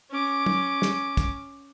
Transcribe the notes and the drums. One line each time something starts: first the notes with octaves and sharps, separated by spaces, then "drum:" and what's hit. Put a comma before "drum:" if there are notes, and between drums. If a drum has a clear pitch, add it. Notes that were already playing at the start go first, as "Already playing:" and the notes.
C#4 D6
drum: tom
drum: snare
drum: kick, hi-hat